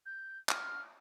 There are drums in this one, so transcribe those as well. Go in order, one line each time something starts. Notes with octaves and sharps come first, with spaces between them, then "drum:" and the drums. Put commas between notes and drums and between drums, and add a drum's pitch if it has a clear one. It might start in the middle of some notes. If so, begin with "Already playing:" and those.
G6
F6, drum: clap